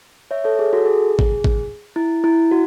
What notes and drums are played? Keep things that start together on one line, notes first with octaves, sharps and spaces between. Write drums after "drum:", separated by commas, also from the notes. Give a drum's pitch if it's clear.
C#5 E5
A4 C#5
G#4
F#4 A4
G#4
drum: kick
drum: kick
E4
E4
F#4